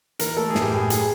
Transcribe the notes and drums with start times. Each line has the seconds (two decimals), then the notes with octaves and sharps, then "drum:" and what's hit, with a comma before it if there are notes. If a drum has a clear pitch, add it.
0.19 E3 A#4, drum: hi-hat
0.37 A3 A4
0.50 G#4
0.55 A2, drum: snare
0.62 G4
0.72 A2 G#4
0.90 F#3 G#4, drum: hi-hat